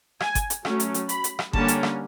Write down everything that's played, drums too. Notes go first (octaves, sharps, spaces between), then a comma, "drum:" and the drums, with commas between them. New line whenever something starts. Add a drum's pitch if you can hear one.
G#5, drum: rim click
drum: kick G1, hi-hat
drum: hi-hat
F#3 A3 C#4, drum: rim click
drum: hi-hat
drum: hi-hat
B5, drum: hi-hat
drum: hi-hat
drum: rim click
D3 G3 A#3 C#4 A5, drum: kick G1
drum: hi-hat
drum: rim click